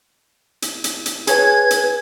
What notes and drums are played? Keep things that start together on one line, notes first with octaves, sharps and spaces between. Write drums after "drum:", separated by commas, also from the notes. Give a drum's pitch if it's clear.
drum: hi-hat
drum: hi-hat
drum: hi-hat
G#4 B4 C#5 G#5 G#6, drum: hi-hat
drum: hi-hat